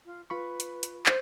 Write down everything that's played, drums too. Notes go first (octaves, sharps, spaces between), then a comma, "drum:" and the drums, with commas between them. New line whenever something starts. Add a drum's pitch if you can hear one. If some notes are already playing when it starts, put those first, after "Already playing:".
F4
F4 B4 B5 C#6
drum: hi-hat
drum: hi-hat
C5, drum: clap